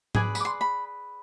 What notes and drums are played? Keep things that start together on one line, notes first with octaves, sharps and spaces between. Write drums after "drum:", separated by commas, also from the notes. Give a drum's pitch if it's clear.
G#4 B4 D5 G#5, drum: tom G#2
B5, drum: tambourine
D6
C6
B5